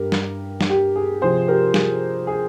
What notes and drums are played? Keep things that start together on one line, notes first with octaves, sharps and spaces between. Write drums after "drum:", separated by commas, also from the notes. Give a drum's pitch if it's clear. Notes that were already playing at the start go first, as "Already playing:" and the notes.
Already playing: G2 G4 A#4
drum: snare
drum: snare
G4
G#4
C3 F3 C4 G#4 C5
G4 A#4
G#4, drum: snare
G#4